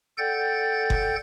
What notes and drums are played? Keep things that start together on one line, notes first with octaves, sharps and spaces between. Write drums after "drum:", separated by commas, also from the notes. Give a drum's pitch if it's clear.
A4 D5 F#5 G5 G6 A6
drum: kick F#1